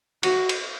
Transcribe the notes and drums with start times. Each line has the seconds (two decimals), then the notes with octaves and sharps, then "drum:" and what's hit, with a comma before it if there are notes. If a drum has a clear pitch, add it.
0.23 F#4, drum: cymbal
0.49 drum: cymbal